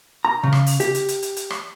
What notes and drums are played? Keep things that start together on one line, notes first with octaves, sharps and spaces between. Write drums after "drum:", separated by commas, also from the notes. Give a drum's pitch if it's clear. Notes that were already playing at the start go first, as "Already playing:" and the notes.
A#5
C#3
drum: rim click
drum: open hi-hat
G4, drum: hi-hat
drum: hi-hat
drum: hi-hat
drum: hi-hat
drum: hi-hat
drum: rim click